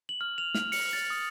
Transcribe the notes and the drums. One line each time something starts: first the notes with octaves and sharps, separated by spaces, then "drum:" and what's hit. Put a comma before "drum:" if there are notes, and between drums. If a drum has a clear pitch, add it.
F#7
F6
F7
F6, drum: snare
C#7, drum: open hi-hat
A6
D#6